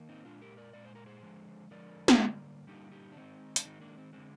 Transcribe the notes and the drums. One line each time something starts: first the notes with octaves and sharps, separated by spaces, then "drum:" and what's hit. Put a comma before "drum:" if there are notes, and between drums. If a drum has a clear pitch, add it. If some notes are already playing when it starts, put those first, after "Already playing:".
Already playing: D#3 A#3
C4 D#4
A#2 G#3 D4 F4
G4 A#4
A#4 D5
A#2 G#3 D5
C5
A#4
G#4 C5
D3 F3 G#3
D3 F3 G#3 A#4 D5
drum: snare
D3 G3 A#3
D3 G3 A#3 D#4 G4
D#4 G4
D4
D#3 G#3 C4 D#4
D4, drum: hi-hat
D#3 G#3 C4 D#4
A#3 D4
C4
D3 G#3 C4